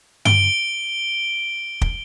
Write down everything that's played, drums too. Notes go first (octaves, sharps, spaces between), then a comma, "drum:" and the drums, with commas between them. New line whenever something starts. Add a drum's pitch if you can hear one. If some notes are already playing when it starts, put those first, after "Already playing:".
D7 G7, drum: tom G2
drum: kick